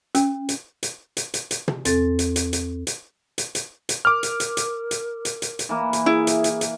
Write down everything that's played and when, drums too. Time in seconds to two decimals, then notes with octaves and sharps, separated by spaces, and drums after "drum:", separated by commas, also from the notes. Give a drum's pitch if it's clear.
0.15 C#4, drum: hi-hat
0.49 drum: hi-hat
0.83 drum: hi-hat
1.17 drum: hi-hat
1.34 drum: hi-hat
1.51 drum: hi-hat
1.68 drum: tom
1.85 E2 C4 A4 A6, drum: hi-hat
2.19 drum: hi-hat
2.36 drum: hi-hat
2.53 drum: hi-hat
2.87 drum: hi-hat
3.38 drum: hi-hat
3.55 drum: hi-hat
3.89 drum: hi-hat
4.05 A#4 D6 F6
4.23 drum: hi-hat
4.40 drum: hi-hat
4.57 drum: hi-hat
4.91 drum: hi-hat
5.25 drum: hi-hat
5.42 drum: hi-hat
5.59 drum: hi-hat
5.69 E3 A#3
5.93 drum: hi-hat
6.06 E4 G#4
6.27 drum: hi-hat
6.44 drum: hi-hat
6.61 drum: hi-hat